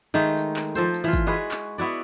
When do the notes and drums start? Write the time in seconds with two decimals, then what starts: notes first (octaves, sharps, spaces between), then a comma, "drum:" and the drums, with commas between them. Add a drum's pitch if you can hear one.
0.14 D#3 G#3 A3 D#4
0.37 drum: tambourine
0.56 drum: clap
0.75 F3 A4 C5, drum: tambourine
0.94 drum: tambourine
1.04 E3 F4
1.13 drum: kick, tambourine
1.27 G#3 F#4 G#4 B4
1.51 drum: clap
1.78 B3 E4 F#4 D5